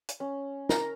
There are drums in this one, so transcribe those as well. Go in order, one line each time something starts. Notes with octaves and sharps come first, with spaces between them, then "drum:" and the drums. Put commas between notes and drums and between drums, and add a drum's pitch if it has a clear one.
drum: hi-hat
C#4
A#4, drum: snare